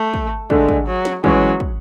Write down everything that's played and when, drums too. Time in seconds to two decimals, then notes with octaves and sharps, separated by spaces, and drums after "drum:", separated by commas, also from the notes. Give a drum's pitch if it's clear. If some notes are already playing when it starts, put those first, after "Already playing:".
Already playing: A3
0.14 drum: kick
0.50 D3 G#3 A3 D4, drum: kick
0.69 drum: kick
0.87 F#3
1.05 drum: snare
1.24 E3 F#3 G#3 C#4, drum: kick
1.60 drum: kick